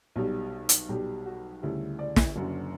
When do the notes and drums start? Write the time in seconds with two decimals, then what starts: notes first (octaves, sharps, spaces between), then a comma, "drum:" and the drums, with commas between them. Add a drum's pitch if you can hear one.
0.16 B1 B2 G3
0.69 drum: hi-hat
0.89 B1 B2 G3 G4
1.26 F#4
1.62 D2 C#3 G3 E4
1.99 D5
2.16 drum: snare
2.36 F#1 F#2 D3 F#3